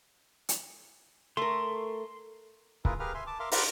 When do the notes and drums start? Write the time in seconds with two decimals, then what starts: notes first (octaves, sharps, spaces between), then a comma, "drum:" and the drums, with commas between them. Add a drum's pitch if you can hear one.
0.49 drum: hi-hat
1.37 A3 A#4 C6
2.85 A#3 E4 F4 G#4 A#4 B4, drum: kick C#1
2.99 G4 G#4 A#4 B4 F5 F6
3.14 E5 G#5 C6
3.27 A5 D6
3.40 A#4 E5 F5 C6 D6
3.52 C5 D5 F5 F#5 A#5 B5, drum: open hi-hat